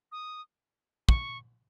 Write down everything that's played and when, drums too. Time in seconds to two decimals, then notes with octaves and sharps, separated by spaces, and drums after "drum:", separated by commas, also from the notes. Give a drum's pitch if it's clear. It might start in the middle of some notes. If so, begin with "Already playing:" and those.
0.12 D#6
1.09 C#6, drum: kick